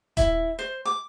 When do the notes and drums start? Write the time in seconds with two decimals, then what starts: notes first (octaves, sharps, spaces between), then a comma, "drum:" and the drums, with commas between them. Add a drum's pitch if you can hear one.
0.17 E4, drum: kick D#1, hi-hat
0.59 C5
0.85 D6